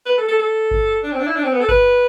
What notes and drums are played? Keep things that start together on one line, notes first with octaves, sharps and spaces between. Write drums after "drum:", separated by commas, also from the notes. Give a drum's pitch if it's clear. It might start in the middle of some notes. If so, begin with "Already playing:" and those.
B4
A4
A4
A4
drum: kick G1
D4
C4
D4
E4
D4
C4
B3
A4
B4, drum: kick G1